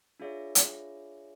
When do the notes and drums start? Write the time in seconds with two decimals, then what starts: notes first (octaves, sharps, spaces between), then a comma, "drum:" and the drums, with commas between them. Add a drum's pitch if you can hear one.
0.20 D4 F4 G#4 C#5 E5
0.55 drum: hi-hat